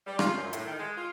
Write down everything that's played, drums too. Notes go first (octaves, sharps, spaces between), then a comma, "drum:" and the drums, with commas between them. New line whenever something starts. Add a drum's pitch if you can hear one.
G3
F4, drum: rim click
F#2
A2, drum: hi-hat
D#3
G#3
F4